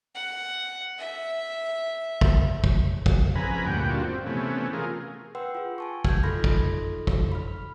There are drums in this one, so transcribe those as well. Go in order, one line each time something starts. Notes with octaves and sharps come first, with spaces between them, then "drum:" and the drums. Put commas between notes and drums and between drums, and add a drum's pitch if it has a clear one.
F#5
E5
drum: kick
drum: kick
drum: kick
F2 C#3 B4 G#5 A#5 B5
D2 G2 A#2 F#5 G5
G3 A#3 D4 F4 F#4
C4
C3 E3 A3 B3 C#4
F4 G#4 A#4
B4 F#5 G5 C6 E6
F4 G#4
G#5 A5 C#6
F6 G6 G#6, drum: kick
D#4 F4 A4 B5 C6 A#6
drum: kick
drum: kick
B5 F6